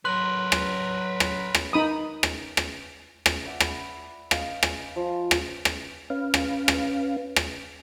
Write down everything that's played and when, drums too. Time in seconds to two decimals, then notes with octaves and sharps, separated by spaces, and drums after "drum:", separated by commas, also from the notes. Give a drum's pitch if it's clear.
0.05 F#3 A#4 B4 C6 F#6 F#7
0.52 drum: rim click
1.20 drum: rim click
1.55 drum: rim click
1.73 D#4 B5 D#6
2.23 drum: rim click
2.57 drum: rim click
3.26 drum: rim click
3.45 D5 E5 F#5 D6
3.60 B4, drum: rim click
4.31 D#5 F5, drum: rim click
4.63 G#5, drum: rim click
4.96 F3
5.31 drum: rim click
5.65 drum: rim click
6.10 C#4 B4 F5
6.34 drum: rim click
6.68 drum: rim click
7.36 drum: rim click